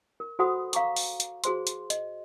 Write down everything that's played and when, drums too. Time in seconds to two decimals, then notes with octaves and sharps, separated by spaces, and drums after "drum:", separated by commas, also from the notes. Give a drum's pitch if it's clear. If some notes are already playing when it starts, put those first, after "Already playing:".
0.20 A#4
0.39 F#4 A4 C5 F#5 B5 D#6
0.73 F5 A#5 C#6 D6, drum: hi-hat
0.96 drum: open hi-hat
1.20 drum: hi-hat
1.44 F#4 G#4 C5 C6, drum: hi-hat
1.67 drum: hi-hat
1.90 D#5, drum: hi-hat